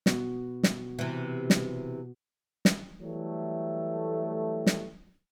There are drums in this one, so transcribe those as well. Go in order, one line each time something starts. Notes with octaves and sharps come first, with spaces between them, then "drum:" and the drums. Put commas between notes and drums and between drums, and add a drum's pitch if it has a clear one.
B2 B3 F#4, drum: snare
drum: snare
C3 E3
drum: snare
drum: snare
E3 F#3 G3 A3
drum: snare